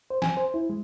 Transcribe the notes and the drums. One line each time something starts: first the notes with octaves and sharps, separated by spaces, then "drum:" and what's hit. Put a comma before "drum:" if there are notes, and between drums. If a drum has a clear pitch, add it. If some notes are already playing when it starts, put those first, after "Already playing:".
C5
G#5, drum: snare
C5
E4
G#3